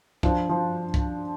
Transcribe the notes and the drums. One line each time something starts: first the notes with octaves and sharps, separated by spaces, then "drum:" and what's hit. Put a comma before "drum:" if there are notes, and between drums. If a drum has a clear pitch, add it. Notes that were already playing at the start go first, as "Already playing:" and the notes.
F3 D4, drum: kick C2
F3
drum: kick C2